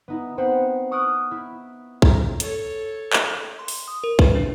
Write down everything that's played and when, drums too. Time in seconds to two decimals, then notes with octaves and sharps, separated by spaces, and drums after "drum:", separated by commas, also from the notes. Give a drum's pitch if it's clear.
0.08 B3 D#4 E4
0.38 B3 C4 C5 F#5
0.91 C#6 D#6 F6 F#6 D7
1.31 E4
2.02 A#5 G6, drum: kick
2.40 A4 C#5, drum: hi-hat
3.13 drum: clap
3.59 C6
3.68 drum: open hi-hat
3.88 D#6
4.04 A#4
4.19 B4, drum: kick
4.35 D4